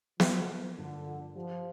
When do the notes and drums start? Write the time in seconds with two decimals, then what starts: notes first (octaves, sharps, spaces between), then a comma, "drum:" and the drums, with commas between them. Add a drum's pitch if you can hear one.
0.20 F3 A#3, drum: snare
0.49 F4
0.78 G2 D3
1.07 F3
1.35 F3 G4